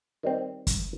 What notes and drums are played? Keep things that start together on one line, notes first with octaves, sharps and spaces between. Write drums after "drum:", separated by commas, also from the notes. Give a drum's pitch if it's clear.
D#3 G3 C4
drum: kick F#1, hi-hat